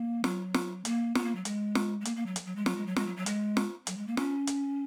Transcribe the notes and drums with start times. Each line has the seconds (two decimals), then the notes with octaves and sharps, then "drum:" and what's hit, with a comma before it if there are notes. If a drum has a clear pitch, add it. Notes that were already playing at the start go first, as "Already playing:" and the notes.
Already playing: A#3
0.24 F#3, drum: snare
0.54 drum: snare
0.85 A#3, drum: hi-hat
1.15 B3, drum: snare
1.25 A#3
1.35 F#3
1.45 G#3, drum: hi-hat
1.75 drum: snare
2.01 G#3
2.05 A#3, drum: hi-hat
2.16 A#3
2.26 F#3
2.36 drum: hi-hat
2.46 F#3
2.56 G#3
2.66 F#3, drum: snare
2.76 G#3
2.86 F#3
2.96 G#3, drum: snare
3.07 F#3
3.17 F#3
3.26 G#3, drum: hi-hat
3.57 drum: snare
3.87 F#3, drum: hi-hat
3.97 G#3
4.07 A#3
4.17 C#4, drum: snare
4.47 drum: hi-hat